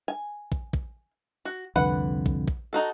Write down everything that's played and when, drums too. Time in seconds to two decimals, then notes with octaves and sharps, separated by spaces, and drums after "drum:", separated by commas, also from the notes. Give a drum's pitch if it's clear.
0.08 G#5
0.52 drum: kick
0.73 drum: kick
1.45 F#4
1.76 C2 F2 D3 B4 F#5
2.26 drum: kick
2.48 drum: kick
2.73 D#4 F#4 A4